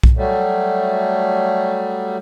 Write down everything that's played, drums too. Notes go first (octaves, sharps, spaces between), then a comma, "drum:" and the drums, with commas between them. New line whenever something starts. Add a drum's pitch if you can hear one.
drum: kick B1
F#3 G3 A3